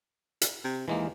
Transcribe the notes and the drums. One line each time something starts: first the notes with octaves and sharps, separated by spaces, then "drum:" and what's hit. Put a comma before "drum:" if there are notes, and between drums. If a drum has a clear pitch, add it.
drum: hi-hat
C3
D#2 E3 G#3 A#3